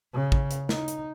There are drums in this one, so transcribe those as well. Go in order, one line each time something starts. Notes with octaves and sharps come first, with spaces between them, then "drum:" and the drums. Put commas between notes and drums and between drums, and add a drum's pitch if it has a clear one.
C#3
drum: kick
drum: hi-hat
D#4, drum: snare
drum: hi-hat